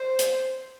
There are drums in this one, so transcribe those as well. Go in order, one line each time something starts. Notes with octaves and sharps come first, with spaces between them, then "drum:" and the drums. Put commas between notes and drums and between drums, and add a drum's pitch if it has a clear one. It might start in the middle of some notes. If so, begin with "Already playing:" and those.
Already playing: C5
drum: hi-hat